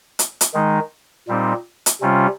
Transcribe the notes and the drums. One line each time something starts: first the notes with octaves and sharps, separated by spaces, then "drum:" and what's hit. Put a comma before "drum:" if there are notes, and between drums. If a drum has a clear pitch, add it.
drum: hi-hat
drum: hi-hat
D#3 G#3 D#4
A#2 G3 C4 D#4
drum: hi-hat
C3 G3 C#4 F4